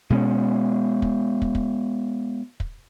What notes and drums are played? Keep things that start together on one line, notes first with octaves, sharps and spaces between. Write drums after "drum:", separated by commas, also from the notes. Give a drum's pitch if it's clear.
B2 G#3 C4 C#4
drum: kick
drum: kick
drum: kick
drum: kick